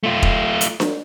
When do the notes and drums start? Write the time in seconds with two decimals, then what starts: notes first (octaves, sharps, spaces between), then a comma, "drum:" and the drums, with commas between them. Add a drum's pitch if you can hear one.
0.03 A3 F4
0.23 drum: kick F1
0.61 drum: hi-hat
0.80 drum: snare D4